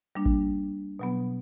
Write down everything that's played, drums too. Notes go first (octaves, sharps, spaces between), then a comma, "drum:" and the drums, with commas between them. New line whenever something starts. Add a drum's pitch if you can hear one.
G3 A#3 D4
drum: kick A1
B2 F#3 B3